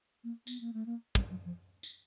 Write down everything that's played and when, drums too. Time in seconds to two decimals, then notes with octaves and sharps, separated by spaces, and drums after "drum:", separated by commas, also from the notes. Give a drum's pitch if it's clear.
0.24 A#3
0.47 B3, drum: tambourine
0.61 A#3
0.73 A3
0.86 A#3
1.15 G3, drum: kick
1.30 F#3
1.45 F3
1.83 drum: tambourine